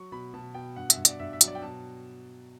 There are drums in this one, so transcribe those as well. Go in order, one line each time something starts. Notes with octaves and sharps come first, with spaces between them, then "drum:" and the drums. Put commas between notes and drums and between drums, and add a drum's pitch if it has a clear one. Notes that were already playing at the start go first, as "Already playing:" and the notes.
Already playing: F#3 C#6
B2 B5
B2 A5
B2 G5
G2 F#5
E5, drum: hi-hat
G2
D5, drum: hi-hat
G2 E5
E5
F#3, drum: hi-hat
D5
G5
B2 A5